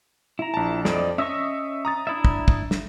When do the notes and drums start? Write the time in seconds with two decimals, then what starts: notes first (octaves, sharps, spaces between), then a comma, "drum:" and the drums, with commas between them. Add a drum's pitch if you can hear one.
0.39 E4 A#5
0.54 A#1 A5
0.85 F2 D5 D#5, drum: snare
1.18 C#4 D#5 E5 C#6 D#6 E6
1.85 A#5 D#6 A6
2.07 D4 E4 E5
2.25 drum: kick
2.48 drum: kick
2.71 drum: snare